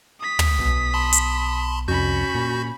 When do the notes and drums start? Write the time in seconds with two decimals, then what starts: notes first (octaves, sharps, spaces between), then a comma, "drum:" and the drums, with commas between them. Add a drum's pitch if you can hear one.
0.21 D#6 B6
0.39 drum: tom
0.59 B1 B2
0.94 A5 B5 C6
1.13 drum: hi-hat
1.88 C2 F2 C#4 F#4 B5 G6
2.35 A#2